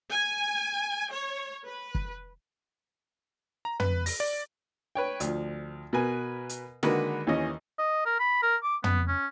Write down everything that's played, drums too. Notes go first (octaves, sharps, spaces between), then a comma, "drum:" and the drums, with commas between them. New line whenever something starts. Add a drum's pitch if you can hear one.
G#5
C#5
B4
drum: kick
A#5
B4, drum: tom
A#6, drum: open hi-hat
D5
B4 C#5 G5
D2 F3, drum: hi-hat
B2 A#4 B4 G#5
drum: hi-hat
D3 D#3 G#3 A#3 F#4 B4, drum: snare
D#2 E3 C#4 D#5
D#5
A#4
B5
A#4
D6
B3, drum: tom
C#4